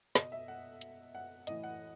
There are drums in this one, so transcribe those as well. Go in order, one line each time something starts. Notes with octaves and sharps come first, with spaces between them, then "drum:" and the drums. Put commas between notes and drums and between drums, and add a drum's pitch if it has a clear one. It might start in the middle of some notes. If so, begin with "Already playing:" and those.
B2 D#5, drum: snare
E5
F#5
drum: hi-hat
F#5
A2 E3 D#5, drum: hi-hat
F#5